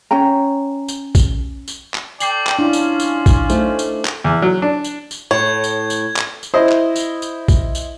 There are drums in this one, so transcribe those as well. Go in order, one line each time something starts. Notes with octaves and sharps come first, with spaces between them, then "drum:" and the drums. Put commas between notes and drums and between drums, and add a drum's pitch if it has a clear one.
C#4 C#5 G5 A#5
drum: tambourine
drum: kick A#1, tambourine
drum: tambourine
drum: clap
A4 D5 G5 D6 C7 F#7, drum: tambourine
drum: clap
C#4 D4 E4 F4
drum: tambourine
drum: tambourine
drum: kick A#1, tambourine
A3 D#4 A4 C5, drum: tambourine
drum: tambourine
drum: clap
E2
F#3
D4
drum: tambourine
drum: tambourine
A2 C#5 G#6
drum: tambourine
drum: tambourine
drum: clap
drum: tambourine
E4 C5 D#5
drum: clap
drum: tambourine
drum: tambourine
drum: kick A#1, tambourine
drum: tambourine